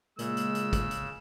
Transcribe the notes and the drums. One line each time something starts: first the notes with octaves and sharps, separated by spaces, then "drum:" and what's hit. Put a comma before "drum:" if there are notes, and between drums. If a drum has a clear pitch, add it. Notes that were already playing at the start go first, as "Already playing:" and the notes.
A#2 C#3 G#3 E6, drum: hi-hat
drum: hi-hat
drum: hi-hat
drum: kick, hi-hat
drum: hi-hat